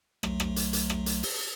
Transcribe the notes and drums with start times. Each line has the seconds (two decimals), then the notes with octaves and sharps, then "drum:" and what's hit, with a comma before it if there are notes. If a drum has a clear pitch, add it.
0.23 B1 F#3 A3, drum: rim click
0.40 drum: rim click
0.56 drum: hi-hat
0.73 drum: hi-hat
0.90 drum: rim click
1.06 drum: hi-hat
1.23 drum: open hi-hat